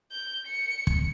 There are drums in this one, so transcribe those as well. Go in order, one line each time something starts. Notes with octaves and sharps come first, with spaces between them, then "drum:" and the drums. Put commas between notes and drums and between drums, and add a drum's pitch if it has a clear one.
G6
C#7
drum: kick